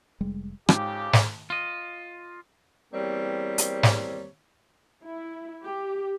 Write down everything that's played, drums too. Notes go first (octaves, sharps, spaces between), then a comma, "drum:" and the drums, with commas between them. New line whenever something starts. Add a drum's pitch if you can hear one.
F1 G3 G#3
F2 G#2 C#3 G4, drum: rim click
drum: snare
F4 D#5
E2 G3 A#3 C4 C#5
drum: hi-hat
drum: snare
E4
G4